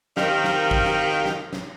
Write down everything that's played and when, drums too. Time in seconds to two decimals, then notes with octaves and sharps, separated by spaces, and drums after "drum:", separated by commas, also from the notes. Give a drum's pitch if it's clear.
0.17 D#3 C4 G4 A#4 F5, drum: snare
0.44 drum: snare
0.71 drum: kick
0.85 drum: snare
1.25 drum: snare
1.53 drum: snare